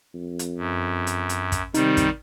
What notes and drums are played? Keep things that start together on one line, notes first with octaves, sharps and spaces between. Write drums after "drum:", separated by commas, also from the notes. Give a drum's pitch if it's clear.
F2
drum: hi-hat
F#2
drum: hi-hat
drum: hi-hat
drum: kick, hi-hat
C3 D#3 G3 D#4, drum: hi-hat
drum: kick, hi-hat